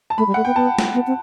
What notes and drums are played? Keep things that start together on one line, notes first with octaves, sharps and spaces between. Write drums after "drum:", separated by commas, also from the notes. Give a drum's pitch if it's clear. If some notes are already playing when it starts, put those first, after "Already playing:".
A5
A3 B5
G3
A3 F#5
B3 G5
B3 A5
drum: snare
B3
C4